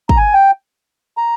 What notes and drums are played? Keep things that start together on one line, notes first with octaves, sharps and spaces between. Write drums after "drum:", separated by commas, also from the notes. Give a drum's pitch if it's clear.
A#5, drum: kick
G#5
G5
A#5